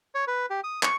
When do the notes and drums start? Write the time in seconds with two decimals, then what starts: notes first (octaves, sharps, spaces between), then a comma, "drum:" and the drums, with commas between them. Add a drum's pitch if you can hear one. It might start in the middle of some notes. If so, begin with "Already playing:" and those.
0.15 C#5
0.27 B4
0.50 G4
0.64 D#6
0.83 C#6, drum: clap